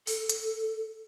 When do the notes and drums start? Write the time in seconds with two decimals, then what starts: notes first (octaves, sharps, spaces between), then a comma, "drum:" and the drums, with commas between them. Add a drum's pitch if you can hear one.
0.07 A4, drum: open hi-hat
0.29 drum: hi-hat